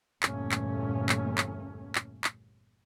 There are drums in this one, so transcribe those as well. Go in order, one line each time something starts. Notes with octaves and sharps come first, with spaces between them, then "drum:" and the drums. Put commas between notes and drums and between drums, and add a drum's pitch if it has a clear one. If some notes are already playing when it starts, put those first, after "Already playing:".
G1 E2 A#2 A3 C#4, drum: clap
drum: clap
drum: clap
drum: clap
drum: clap
drum: clap